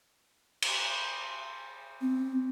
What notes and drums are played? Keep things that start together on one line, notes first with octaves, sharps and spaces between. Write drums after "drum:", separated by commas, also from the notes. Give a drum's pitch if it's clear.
drum: cymbal
C4